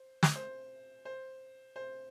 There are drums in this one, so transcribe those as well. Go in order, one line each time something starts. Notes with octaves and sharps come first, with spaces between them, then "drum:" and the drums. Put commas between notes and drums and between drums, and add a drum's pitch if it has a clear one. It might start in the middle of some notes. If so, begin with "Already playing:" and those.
Already playing: C5
drum: snare
C5
C5
C5